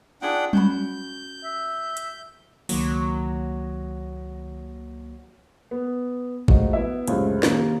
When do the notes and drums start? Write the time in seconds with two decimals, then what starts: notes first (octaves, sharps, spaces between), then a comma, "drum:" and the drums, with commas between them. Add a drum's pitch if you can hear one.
0.22 D4 D#4 F4 G#4 F#5 G5
0.53 C#4 F#4 B5 G6, drum: tom F#3
1.44 E5
1.97 drum: hi-hat
2.69 C#2 D#3 F#3 A#3, drum: open hi-hat
5.71 B3
6.48 F3 G#3 A3 D#4 F#4, drum: kick
6.73 B3 E4 E5
7.07 C#2 F#2 A2 C3 F3 G#3, drum: hi-hat
7.43 D#2 C3 A#3, drum: snare